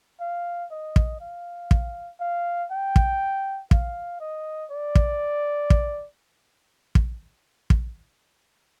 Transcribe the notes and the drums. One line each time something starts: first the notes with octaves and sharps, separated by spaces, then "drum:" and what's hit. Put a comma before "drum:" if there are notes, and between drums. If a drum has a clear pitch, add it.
F5
D#5
drum: kick
F5
drum: kick
F5
G5
drum: kick
F5, drum: kick
D#5
D5
drum: kick
drum: kick
drum: kick
drum: kick